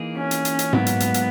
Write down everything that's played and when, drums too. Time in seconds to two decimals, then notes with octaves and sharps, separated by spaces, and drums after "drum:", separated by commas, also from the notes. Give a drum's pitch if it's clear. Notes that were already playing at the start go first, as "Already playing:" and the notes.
Already playing: E3 A#3 D#4 G#4
0.17 C#4
0.31 drum: hi-hat
0.45 drum: hi-hat
0.59 drum: hi-hat
0.73 G#2 F#3 A#3 B3, drum: tom G#2
0.86 drum: hi-hat
1.00 drum: hi-hat
1.14 drum: hi-hat